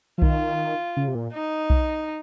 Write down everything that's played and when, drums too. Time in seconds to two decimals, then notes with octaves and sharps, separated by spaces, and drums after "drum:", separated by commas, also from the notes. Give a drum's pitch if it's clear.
0.18 F3
0.22 D#3 F4, drum: kick B1
0.97 C#3
1.08 C3
1.15 A#2
1.33 D#4
1.70 drum: kick B1